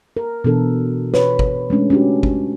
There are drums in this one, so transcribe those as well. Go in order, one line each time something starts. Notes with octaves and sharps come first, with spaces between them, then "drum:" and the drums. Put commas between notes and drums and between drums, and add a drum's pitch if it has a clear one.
A#4
B2 E3 B3 D4 A4
B4 C#5, drum: snare
drum: kick
G#3 A3 C#4 D4
C#4 D4 F#4 G4
drum: kick